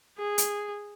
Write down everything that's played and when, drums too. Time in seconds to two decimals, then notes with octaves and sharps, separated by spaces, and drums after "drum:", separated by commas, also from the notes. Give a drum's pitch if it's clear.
0.18 G#4
0.38 drum: hi-hat